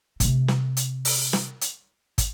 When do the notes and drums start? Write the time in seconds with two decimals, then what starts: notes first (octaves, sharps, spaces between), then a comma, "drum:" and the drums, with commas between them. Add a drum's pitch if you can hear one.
0.20 C3 A3, drum: kick, hi-hat
0.48 drum: snare
0.77 drum: hi-hat
1.05 drum: open hi-hat
1.33 drum: snare
1.61 drum: hi-hat
2.18 drum: kick, hi-hat